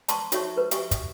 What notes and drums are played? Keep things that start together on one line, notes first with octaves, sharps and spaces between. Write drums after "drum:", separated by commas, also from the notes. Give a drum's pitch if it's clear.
A5 C6 C#6, drum: hi-hat
D#4 F#4 C#5 E5 C#6, drum: hi-hat
A#4 B4
G4 E5 G#5 C6 C#6, drum: hi-hat
drum: kick, hi-hat